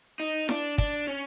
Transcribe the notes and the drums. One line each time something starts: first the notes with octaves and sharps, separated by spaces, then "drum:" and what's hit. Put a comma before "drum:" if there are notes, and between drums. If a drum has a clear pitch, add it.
D#4
D4, drum: snare E4
D4, drum: kick
C#4